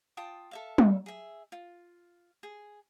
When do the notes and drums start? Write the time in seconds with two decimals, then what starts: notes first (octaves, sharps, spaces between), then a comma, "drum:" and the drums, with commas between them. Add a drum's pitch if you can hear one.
0.17 F4 G5 A5 D#6
0.51 A4 E5 F5
0.78 drum: tom
1.06 G#4 E5
1.52 F4
2.43 G#4